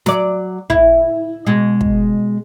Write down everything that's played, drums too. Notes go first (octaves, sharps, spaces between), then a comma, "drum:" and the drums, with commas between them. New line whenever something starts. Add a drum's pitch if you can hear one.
F#3 D5, drum: snare
E4, drum: kick
B2 G#3
drum: kick